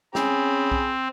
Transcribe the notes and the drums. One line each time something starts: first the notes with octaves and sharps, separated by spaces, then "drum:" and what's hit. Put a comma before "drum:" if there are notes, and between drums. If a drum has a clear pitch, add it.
C4 C#4 G#4 B5, drum: snare
drum: kick B1